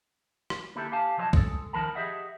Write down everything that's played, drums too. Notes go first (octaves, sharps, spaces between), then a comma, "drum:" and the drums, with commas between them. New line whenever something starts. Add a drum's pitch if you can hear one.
drum: rim click
D3 A#3 E4 G4 A4
G4 F5 G#5 A5
C2 F3 F#3 C#5 D#5 A5
G#3 A4, drum: kick
D#2 D#3 F3 A#4 A5 B5
G4 G#4 D#5 E5 F#5